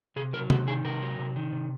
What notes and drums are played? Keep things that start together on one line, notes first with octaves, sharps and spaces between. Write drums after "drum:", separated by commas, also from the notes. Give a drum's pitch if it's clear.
C3 G#4
F#3 A#4
C3 F#4, drum: tom C3
D#3 G#4
C3 A#4
F#3
C3
D#3
C3